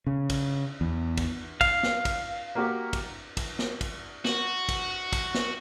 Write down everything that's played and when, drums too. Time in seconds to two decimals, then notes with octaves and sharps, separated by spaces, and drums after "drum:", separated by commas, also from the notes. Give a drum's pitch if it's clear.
0.07 C#3
0.30 drum: kick, cymbal
0.81 E2
1.17 drum: kick, cymbal
1.61 F5, drum: kick, cymbal
1.83 drum: snare
2.05 drum: kick, cymbal
2.55 A#3 F#4 G4
2.93 drum: kick, cymbal
3.37 drum: kick, cymbal
3.59 drum: snare
3.81 drum: kick, cymbal
4.25 F#4, drum: snare
4.69 drum: kick, cymbal
5.12 drum: kick, cymbal
5.34 drum: snare